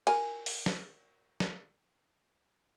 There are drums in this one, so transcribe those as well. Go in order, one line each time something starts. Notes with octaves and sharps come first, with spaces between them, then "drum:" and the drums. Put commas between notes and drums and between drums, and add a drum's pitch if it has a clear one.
A#4 G#5, drum: cymbal
drum: open hi-hat
drum: snare
drum: snare